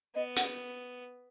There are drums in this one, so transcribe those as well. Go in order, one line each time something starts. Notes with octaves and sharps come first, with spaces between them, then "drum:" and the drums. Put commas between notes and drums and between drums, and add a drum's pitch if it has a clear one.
B3 D#5
F#5, drum: hi-hat